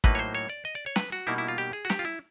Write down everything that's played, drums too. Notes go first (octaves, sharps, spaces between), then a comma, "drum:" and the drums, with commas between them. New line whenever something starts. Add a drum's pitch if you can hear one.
A2 F#3 A#3 D#4 B4, drum: kick
C#5
C5
C#5
D5
D#5
D5
C#5
B4, drum: snare
F#4
B2 G3 A#3 D#4 E4
E4
F4
G4
G#4
F#4
G4, drum: snare
F4
E4